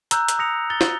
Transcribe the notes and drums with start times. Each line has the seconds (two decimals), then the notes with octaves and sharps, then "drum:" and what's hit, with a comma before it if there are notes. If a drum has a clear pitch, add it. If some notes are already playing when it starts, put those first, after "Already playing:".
0.11 A#5 E6 F#6 G6, drum: hi-hat
0.29 drum: hi-hat
0.39 D#6 A#6 C#7 F7
0.70 A6 G7
0.81 drum: snare